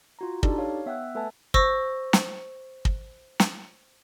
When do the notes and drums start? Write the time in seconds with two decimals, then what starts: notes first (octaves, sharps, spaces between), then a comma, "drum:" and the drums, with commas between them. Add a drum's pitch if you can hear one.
0.19 F4 F#4 A#5
0.43 D4 D#4 G4 A4 D5 A5, drum: kick
0.58 C#5 F5
0.86 B3 E5 F#5 G5 E6 F#6
1.15 A3 A4 B4 E5 G#5 A5
1.54 C5 C#6 E6 A#6, drum: kick
2.13 drum: snare
2.85 drum: kick
3.40 drum: snare